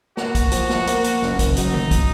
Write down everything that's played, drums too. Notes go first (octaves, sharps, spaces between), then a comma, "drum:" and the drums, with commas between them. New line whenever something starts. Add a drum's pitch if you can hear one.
A#3 F#4, drum: snare
drum: kick, hi-hat
F3, drum: hi-hat
drum: snare
A#3, drum: hi-hat
drum: hi-hat
F#1, drum: snare
drum: kick, hi-hat
F#3 D#4, drum: hi-hat
drum: tom D#3
drum: kick, hi-hat